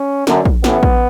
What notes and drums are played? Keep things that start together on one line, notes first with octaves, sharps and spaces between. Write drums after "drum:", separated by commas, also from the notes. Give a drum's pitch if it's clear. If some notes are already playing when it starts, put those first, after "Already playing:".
Already playing: C#4
F#2 D3, drum: snare
drum: kick
A1 A2 E3 B3, drum: snare
drum: kick